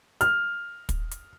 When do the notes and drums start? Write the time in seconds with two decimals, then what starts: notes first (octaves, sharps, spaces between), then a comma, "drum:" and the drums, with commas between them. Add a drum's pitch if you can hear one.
0.21 F6, drum: hi-hat
0.89 drum: kick, hi-hat
1.11 drum: hi-hat